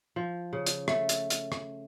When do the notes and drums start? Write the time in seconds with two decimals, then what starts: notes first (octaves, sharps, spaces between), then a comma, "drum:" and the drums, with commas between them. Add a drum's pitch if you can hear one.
0.16 F3
0.53 C#3
0.67 drum: hi-hat
0.88 A3, drum: rim click
1.09 drum: hi-hat
1.30 drum: hi-hat
1.52 drum: rim click